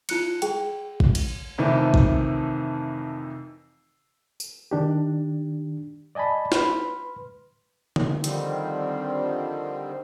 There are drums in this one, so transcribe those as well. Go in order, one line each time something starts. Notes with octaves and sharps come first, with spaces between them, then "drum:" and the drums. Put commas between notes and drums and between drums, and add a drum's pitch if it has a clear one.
E4 F4 F#6 C#7, drum: cymbal
G#4 G5, drum: hi-hat
drum: kick A1
drum: cymbal
F2 C3 D#3 E3 A3
drum: kick A1
drum: tambourine
D#3 D4 G4
D5 D#5 G#5 A5 B5
B4 B5 C6 F6, drum: snare
drum: tom D3
D3 D#3 F3 G3 C4, drum: hi-hat